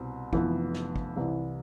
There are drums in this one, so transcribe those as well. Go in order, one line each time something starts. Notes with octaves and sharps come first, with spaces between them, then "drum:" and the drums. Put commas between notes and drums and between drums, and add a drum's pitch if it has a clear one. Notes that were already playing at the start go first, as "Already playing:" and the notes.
Already playing: C2 B2 C4
F1 F2 E3 B3, drum: kick
drum: snare
drum: kick
C2 C3 E3